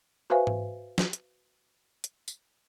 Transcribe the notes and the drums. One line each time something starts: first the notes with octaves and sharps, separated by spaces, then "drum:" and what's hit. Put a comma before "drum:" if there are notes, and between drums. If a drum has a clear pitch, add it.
F#4 B4 C5 E5 F5 G#5
drum: tom G#2
drum: snare
drum: hi-hat
drum: hi-hat
drum: tambourine